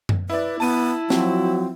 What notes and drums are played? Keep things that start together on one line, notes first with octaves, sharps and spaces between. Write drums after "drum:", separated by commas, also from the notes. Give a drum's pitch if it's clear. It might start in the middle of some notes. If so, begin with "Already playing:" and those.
drum: tom F#2
E4 B4 D5
B3 E4 A5 D#7
F3 F#3 C4 F#4, drum: snare